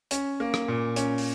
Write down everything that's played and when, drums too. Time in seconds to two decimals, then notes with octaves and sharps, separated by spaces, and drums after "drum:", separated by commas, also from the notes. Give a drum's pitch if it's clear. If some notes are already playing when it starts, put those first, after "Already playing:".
0.11 C#4, drum: hi-hat
0.40 A#3
0.54 drum: rim click
0.68 A#2
0.96 C#4, drum: hi-hat
1.18 drum: open hi-hat